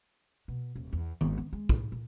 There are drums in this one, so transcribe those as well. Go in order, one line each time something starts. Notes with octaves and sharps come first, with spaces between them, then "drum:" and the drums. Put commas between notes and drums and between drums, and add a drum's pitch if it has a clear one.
B2
D#1
E2
G#1, drum: tom D#3
B3
G#3
A2, drum: kick
A#2